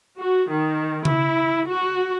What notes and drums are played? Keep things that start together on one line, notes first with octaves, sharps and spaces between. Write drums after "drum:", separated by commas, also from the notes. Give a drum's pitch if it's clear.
F#4
D#3
E4, drum: tom C#3
F#4